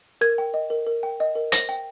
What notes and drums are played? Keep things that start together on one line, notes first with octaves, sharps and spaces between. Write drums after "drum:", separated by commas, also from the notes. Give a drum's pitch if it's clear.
A#4 G#6
G5
D#5
A#4
A#4
G5
D#5
A#4
C5 A#6, drum: hi-hat
G5